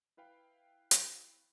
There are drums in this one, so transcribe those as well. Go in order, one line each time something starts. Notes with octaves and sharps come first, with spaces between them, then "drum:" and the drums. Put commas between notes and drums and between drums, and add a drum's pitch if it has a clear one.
E4 B4 F5 G5 B5
drum: hi-hat